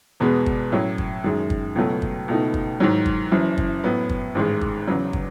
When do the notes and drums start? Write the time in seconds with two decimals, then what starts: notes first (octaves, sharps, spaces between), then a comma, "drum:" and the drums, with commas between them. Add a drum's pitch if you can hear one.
0.20 E2 B2 G#3 B3
0.46 drum: kick
0.72 A2 F#3 C#4
0.98 drum: kick
1.24 F#2 D#3 G#3
1.50 drum: kick
1.76 C#2 B2 F#3 A3
2.02 drum: kick
2.28 C#2 B2 A3 D#4
2.54 drum: kick
2.80 G#2 D#3 F#3
3.06 drum: kick
3.32 F#1 F#2 E3
3.58 drum: kick
3.84 A2 F#3 B3
4.09 drum: kick
4.35 A1 G#2 D#3 G#3
4.61 drum: kick
4.88 E2 C#3 F#3
5.13 drum: kick